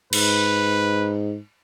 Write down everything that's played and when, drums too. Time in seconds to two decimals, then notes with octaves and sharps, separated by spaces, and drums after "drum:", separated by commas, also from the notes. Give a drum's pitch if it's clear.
0.13 G#2 B4, drum: cymbal